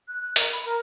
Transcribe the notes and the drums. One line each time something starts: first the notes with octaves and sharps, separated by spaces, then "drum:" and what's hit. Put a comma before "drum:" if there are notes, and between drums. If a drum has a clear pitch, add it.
F#6
F#6
A#4, drum: hi-hat
B5
A#4